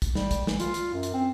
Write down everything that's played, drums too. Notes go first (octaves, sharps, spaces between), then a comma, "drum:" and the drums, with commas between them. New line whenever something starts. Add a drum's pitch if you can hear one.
drum: kick, hi-hat
G3, drum: snare
drum: kick, hi-hat
E3, drum: snare
F4, drum: hi-hat
drum: hi-hat
F#2
drum: hi-hat
C4